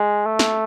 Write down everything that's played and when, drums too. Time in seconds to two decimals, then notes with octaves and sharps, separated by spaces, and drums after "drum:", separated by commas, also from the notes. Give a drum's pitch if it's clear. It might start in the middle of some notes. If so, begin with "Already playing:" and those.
Already playing: G#3
0.26 A3
0.39 drum: snare